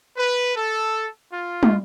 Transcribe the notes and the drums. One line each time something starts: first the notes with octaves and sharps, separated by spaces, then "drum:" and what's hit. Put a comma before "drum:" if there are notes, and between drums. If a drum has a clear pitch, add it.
B4
A4
F4
drum: tom